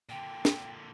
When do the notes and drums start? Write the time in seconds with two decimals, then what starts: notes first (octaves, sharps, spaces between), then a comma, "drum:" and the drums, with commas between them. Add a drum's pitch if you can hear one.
0.09 A#2 D3 G5
0.45 drum: snare